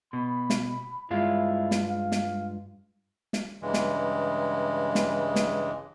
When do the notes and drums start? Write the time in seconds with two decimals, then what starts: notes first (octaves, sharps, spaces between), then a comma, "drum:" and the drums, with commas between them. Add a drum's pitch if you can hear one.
0.13 B2 B5
0.50 drum: snare
1.10 G2 G#3 E4 F4
1.71 drum: snare
1.87 F5
2.12 drum: snare
3.33 drum: snare
3.62 G2 C#3 E3 G#3
3.74 drum: snare
4.95 drum: snare
5.36 drum: snare